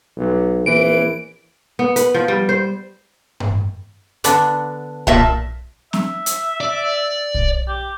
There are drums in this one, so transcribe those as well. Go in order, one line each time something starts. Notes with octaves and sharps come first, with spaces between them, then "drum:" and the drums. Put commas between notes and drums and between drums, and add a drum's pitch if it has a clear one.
B1
A#1 E3 A#3 C4 D7
B3
B4, drum: hi-hat
F3
G3
C5
drum: tom G2
D3 B3 D4, drum: hi-hat
A#2 E5 A5, drum: kick B1
E5, drum: snare
drum: hi-hat
D5
drum: kick B1
G4